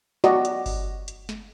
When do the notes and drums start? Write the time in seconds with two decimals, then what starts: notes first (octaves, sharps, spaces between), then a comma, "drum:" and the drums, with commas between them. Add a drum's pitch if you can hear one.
0.24 F#4 D5 D#5, drum: snare
0.45 drum: hi-hat
0.66 drum: kick G1, open hi-hat
1.08 drum: hi-hat
1.29 drum: snare